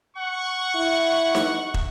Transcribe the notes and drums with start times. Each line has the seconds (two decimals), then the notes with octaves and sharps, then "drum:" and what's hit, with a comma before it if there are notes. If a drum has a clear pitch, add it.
0.17 F#5 C#6
0.75 E4
1.35 drum: snare D#4
1.74 drum: kick